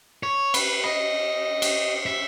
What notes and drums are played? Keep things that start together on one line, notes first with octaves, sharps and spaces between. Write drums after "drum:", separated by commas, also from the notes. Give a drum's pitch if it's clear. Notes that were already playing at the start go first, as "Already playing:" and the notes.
C#5
B4, drum: cymbal
D#5
drum: cymbal
E5